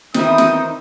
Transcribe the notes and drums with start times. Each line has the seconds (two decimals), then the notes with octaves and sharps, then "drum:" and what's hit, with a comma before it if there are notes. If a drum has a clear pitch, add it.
0.14 D#3 E3 C4 D#4 E4 D#6, drum: snare
0.38 drum: snare